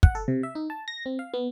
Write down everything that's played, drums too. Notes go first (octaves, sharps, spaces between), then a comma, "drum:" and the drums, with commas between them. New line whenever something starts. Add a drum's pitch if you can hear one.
F#5, drum: kick
A4
C3
E5
D#4
A5
A#6
C4
F5
B3